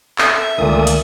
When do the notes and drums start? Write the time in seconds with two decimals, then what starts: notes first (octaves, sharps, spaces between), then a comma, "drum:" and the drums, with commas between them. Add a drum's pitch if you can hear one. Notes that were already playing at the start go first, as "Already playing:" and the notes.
0.18 A4 E5, drum: clap
0.58 C#2 A#2 D3 D#3 A3 A4 D#6
0.87 drum: hi-hat